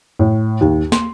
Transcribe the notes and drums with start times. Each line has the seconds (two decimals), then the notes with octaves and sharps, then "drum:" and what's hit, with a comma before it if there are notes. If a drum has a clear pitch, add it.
0.19 A2
0.61 D#2
0.92 C6, drum: snare